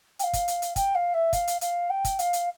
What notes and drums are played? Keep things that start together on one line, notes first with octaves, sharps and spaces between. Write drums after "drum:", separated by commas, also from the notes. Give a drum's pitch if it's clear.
G5, drum: hi-hat
F5
drum: kick, hi-hat
drum: hi-hat
drum: hi-hat
G5, drum: kick, hi-hat
F5
E5
F5, drum: kick, hi-hat
drum: hi-hat
F5, drum: hi-hat
G5
drum: kick, hi-hat
F5, drum: hi-hat
drum: hi-hat